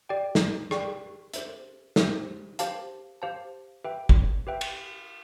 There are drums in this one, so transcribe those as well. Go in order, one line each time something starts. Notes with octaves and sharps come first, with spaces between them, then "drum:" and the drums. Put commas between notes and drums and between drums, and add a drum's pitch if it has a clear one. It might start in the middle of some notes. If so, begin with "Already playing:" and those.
G4 D5 G5
drum: snare
G4 D5 G5, drum: rim click
G4 C5 E5, drum: hi-hat
G4 C5 E5, drum: snare
G4 C5 F5 A5, drum: hi-hat
G4 C5 F5 A5
G4 B4 E5 G5
drum: kick
G4 B4 E5 G5
drum: cymbal